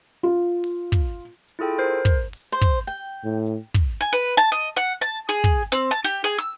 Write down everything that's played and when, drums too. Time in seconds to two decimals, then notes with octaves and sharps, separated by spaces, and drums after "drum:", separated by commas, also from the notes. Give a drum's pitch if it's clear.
0.23 F4
0.64 drum: open hi-hat
0.92 drum: kick, hi-hat
1.20 drum: hi-hat
1.49 drum: hi-hat
1.59 E4 F4 G#4 A4 G5
1.78 A#4 C5 C7, drum: hi-hat
2.05 drum: kick, hi-hat
2.33 drum: open hi-hat
2.52 C5
2.61 drum: kick, hi-hat
2.87 G5, drum: hi-hat
3.24 A2
3.46 drum: hi-hat
3.74 drum: kick, hi-hat
4.01 G#5, drum: open hi-hat
4.13 B4
4.37 A5
4.52 D#5
4.77 F#5
4.87 drum: hi-hat
5.01 A5
5.16 drum: hi-hat
5.29 G#4
5.44 drum: kick, hi-hat
5.72 C4, drum: open hi-hat
5.91 A5
6.04 G4
6.24 G#4
6.38 E6